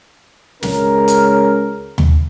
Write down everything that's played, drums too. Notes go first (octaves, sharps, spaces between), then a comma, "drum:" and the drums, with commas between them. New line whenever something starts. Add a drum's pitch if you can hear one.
C#2 C#4 A#4, drum: snare
drum: hi-hat
drum: tom D#2